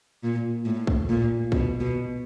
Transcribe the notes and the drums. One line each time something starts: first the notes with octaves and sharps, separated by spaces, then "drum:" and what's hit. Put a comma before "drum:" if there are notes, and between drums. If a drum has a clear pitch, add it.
A#2
A2
drum: kick
A#2
B2, drum: kick
B2